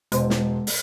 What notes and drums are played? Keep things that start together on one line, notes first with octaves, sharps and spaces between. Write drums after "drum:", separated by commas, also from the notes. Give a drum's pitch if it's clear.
E1 G#3 C5, drum: hi-hat
drum: snare
drum: open hi-hat